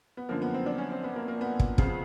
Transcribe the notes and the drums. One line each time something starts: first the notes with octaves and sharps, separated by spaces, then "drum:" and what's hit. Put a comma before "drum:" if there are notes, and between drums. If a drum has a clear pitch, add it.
B3
F#2 D3 F3 A#3
B3
C4
D4
C#4
C4
B3
A#3
A#3
B3
drum: kick
F2 C#3 F3, drum: kick